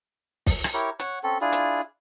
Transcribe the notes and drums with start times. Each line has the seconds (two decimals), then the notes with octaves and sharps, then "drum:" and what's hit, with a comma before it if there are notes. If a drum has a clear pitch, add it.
0.46 drum: kick, open hi-hat
0.64 drum: rim click
0.74 E4 G4 A#4 C#5
1.00 C#5 F#5, drum: hi-hat
1.23 C4 C#4 A4
1.41 D4 E4 F4 G#4
1.53 drum: hi-hat